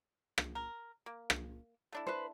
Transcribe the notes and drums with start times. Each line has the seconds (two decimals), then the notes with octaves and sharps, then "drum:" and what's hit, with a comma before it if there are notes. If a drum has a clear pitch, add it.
0.38 drum: rim click
0.55 A#4
1.06 A#3
1.30 drum: rim click
1.92 A3 D4 E4
2.07 B4 C5